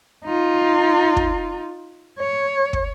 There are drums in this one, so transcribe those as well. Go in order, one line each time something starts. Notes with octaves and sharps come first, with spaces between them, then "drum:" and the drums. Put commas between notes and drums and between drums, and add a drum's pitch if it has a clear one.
D#4 F4
drum: kick
C#5
drum: kick